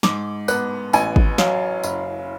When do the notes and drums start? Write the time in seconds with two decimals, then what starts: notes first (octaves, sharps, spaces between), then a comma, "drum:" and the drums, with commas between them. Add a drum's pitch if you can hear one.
0.03 G#2 D6, drum: snare
0.48 B3 F#6, drum: tambourine
0.93 A1 G#5, drum: tambourine
1.16 drum: kick G#1
1.38 F#3 F5, drum: snare
1.83 F#1, drum: tambourine